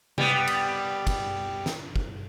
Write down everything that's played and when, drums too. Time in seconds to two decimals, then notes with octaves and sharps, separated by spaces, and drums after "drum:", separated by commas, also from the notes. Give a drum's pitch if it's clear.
0.18 G3 B3, drum: tom C3
0.47 drum: cymbal
1.07 drum: kick, cymbal
1.66 drum: snare
1.96 drum: kick